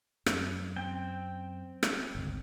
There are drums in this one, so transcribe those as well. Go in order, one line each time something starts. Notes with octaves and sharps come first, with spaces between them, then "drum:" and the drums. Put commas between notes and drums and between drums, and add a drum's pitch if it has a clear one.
F#2, drum: rim click
C4 G5
drum: rim click
G1 C#2